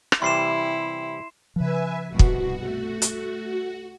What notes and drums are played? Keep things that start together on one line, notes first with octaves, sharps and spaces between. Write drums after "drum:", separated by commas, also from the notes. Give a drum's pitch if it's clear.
drum: rim click
C3 E3 G3 E4 C6 C7 E7
C#3 F3 B4 E5 G#5
G1 C2 B2 F#4
drum: kick
A3
drum: hi-hat